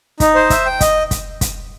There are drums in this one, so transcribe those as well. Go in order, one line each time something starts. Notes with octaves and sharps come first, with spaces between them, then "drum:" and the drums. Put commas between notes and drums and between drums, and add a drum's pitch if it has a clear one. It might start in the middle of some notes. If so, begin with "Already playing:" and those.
D#4, drum: kick, hi-hat
C5
E5, drum: kick, hi-hat
G5
D#5, drum: kick, hi-hat
drum: kick, hi-hat
drum: kick, hi-hat